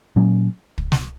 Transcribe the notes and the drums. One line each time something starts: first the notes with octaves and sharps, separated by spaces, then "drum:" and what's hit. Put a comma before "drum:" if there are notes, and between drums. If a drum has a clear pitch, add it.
A#2 F#3 C#4
drum: kick
drum: snare